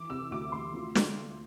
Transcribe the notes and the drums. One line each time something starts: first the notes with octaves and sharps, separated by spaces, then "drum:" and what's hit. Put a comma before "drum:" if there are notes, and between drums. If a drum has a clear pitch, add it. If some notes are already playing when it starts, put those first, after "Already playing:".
Already playing: E3 D6
C3 E6
D2 D6
D2 C6
F3
drum: snare